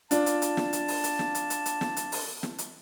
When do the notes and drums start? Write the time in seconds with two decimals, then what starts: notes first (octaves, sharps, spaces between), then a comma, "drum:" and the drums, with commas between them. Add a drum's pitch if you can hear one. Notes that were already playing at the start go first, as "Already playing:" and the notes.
0.11 D4 F4 A5, drum: hi-hat
0.26 drum: hi-hat
0.42 drum: hi-hat
0.57 drum: snare
0.73 drum: hi-hat
0.88 drum: open hi-hat
1.04 drum: hi-hat
1.19 drum: snare
1.35 drum: hi-hat
1.50 drum: hi-hat
1.66 drum: hi-hat
1.81 drum: snare
1.97 drum: hi-hat
2.12 drum: open hi-hat
2.43 drum: snare
2.58 drum: hi-hat